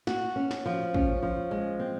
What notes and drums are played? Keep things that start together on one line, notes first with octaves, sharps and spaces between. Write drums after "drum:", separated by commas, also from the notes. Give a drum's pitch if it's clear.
F#4, drum: snare
C#4
drum: snare
F3
C#4, drum: kick
F3
G#3
C4